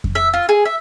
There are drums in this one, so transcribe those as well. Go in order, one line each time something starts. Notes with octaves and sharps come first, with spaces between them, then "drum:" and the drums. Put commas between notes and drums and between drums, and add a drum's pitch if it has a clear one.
drum: kick F2
E5
F4
G#4
E5